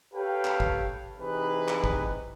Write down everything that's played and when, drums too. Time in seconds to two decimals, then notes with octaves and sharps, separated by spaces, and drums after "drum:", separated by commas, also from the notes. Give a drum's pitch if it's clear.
0.14 G4 A4 B4 C#5 F5 G5
0.45 drum: clap
0.60 drum: kick
1.18 C3 E3 D#4 G#4 B4
1.68 drum: clap
1.84 drum: kick